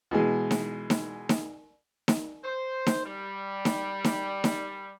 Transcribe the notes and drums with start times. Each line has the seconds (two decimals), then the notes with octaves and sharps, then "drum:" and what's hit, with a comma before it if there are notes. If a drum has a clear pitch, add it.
0.11 B2 E3 G#3
0.51 drum: snare D#4
0.90 drum: snare D#4
1.29 drum: snare D#4
2.08 drum: snare D#4
2.44 C5
2.87 drum: snare D#4
3.05 G3
3.65 drum: snare D#4
4.04 drum: snare D#4
4.44 drum: snare D#4